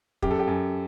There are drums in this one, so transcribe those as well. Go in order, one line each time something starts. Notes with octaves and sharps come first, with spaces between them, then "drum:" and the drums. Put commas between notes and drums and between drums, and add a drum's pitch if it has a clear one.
F#2 G4, drum: kick
A4
G4
F#2